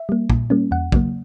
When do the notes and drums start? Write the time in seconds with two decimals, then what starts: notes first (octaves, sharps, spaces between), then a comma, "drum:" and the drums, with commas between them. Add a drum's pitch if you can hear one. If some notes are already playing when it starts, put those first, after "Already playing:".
Already playing: E5
0.09 G3 A#3
0.30 A#2, drum: kick
0.50 G3 A#3 C#4
0.71 E2 F#5
0.92 C#3 F#3 A#3, drum: kick